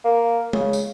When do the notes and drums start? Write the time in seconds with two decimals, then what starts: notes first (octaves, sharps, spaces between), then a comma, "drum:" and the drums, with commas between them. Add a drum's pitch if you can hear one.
0.05 A#3
0.53 C#3, drum: tom G#3
0.73 drum: tambourine